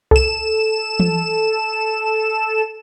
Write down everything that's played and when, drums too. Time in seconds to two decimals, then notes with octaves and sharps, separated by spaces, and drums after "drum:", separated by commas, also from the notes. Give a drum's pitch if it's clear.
0.11 A4 E7, drum: kick C2
1.00 drum: tom E3